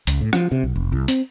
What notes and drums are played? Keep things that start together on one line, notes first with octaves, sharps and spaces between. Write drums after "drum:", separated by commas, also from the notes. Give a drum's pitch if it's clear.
C#2, drum: hi-hat
A2
F3, drum: rim click
C3
B1
F1
C2
C4, drum: hi-hat